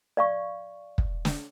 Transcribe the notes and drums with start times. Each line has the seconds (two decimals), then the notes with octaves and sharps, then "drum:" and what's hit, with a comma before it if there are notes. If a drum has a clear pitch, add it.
0.17 D5 F5 C#6
0.98 drum: kick
1.25 drum: snare